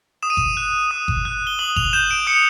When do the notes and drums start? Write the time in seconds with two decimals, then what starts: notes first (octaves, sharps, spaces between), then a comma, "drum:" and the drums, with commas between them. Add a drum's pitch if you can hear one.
0.23 D#6 E7
0.30 D#7
0.37 E7, drum: kick G1
0.57 F#6
0.91 D#6
1.08 drum: kick G1
1.25 F#6
1.47 G7
1.59 D#6 F#7
1.76 F7, drum: kick G1
1.93 G6 E7
2.11 D7
2.27 D#6 C#7